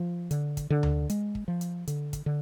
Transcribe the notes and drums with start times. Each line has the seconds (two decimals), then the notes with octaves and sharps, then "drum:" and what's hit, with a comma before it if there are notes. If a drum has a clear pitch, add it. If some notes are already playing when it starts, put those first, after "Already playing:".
Already playing: F3
0.31 D3, drum: hi-hat
0.57 drum: kick, hi-hat
0.70 D3
0.83 drum: tom D2
1.10 G#3, drum: hi-hat
1.35 drum: kick
1.48 F3
1.61 drum: hi-hat
1.87 D3, drum: hi-hat
2.13 drum: kick, hi-hat
2.26 D3